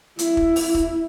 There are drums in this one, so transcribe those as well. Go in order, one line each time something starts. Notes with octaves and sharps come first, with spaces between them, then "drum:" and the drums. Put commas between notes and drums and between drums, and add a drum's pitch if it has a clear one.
E4, drum: hi-hat
drum: kick
drum: open hi-hat
drum: kick